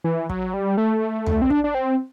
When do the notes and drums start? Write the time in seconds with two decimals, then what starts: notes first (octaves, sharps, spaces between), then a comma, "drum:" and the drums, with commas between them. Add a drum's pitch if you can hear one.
0.04 E3
0.29 F#3, drum: kick
0.54 G3
0.77 A3
1.26 drum: tom
1.42 C4
1.50 D4, drum: kick
1.64 D4
1.75 C4